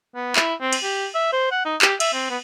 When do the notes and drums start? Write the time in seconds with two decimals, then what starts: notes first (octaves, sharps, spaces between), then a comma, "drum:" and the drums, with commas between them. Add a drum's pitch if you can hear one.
0.15 B3
0.36 E4, drum: clap
0.61 C4
0.73 drum: cymbal
0.84 G4
1.15 E5
1.32 C5
1.51 F#5
1.65 D#4
1.82 G4, drum: clap
2.00 E5, drum: cymbal
2.14 C4
2.30 B3